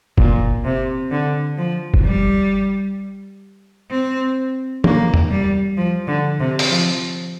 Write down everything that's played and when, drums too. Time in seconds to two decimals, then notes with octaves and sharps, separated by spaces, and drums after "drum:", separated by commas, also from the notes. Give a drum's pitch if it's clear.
0.18 A#2, drum: kick F#1
0.64 C3
1.11 D3
1.57 F3
1.94 drum: kick F#1
2.04 G3
3.91 C4
4.84 A#3, drum: tom E3
5.14 drum: tom E2
5.30 G3
5.77 F3
6.08 D3
6.40 C3
6.59 drum: open hi-hat
6.70 F3